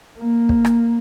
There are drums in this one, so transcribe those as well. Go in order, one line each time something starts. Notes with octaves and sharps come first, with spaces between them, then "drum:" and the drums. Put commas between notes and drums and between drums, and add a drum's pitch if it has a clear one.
A#3
drum: kick
drum: rim click